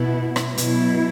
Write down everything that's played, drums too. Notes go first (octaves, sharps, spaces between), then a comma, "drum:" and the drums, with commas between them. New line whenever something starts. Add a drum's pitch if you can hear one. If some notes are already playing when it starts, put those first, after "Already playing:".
Already playing: B2 B3 E4
drum: rim click
B2 F#3 E4, drum: hi-hat